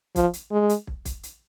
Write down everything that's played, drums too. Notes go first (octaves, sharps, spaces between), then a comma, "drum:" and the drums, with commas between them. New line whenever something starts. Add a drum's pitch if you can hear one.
F3, drum: kick, hi-hat
drum: hi-hat
G#3
drum: hi-hat
drum: kick
drum: kick, hi-hat
drum: hi-hat